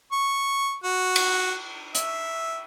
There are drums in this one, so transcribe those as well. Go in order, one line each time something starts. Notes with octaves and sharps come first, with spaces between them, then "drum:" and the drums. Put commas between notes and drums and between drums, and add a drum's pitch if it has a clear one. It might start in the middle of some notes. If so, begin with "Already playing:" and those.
C#6
F#4
drum: cymbal
E5, drum: hi-hat